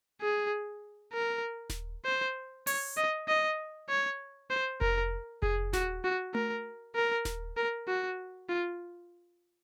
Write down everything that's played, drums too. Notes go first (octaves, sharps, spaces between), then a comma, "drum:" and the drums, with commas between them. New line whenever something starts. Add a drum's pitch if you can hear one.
G#4
A#4
drum: snare D#1
C5
C#5, drum: open hi-hat
D#5
D#5
C#5
C5
A#4, drum: kick F1
G#4, drum: kick F1
F#4, drum: snare D#1
F#4
A#4, drum: tom A3
A#4
drum: snare D#1
A#4
F#4
F4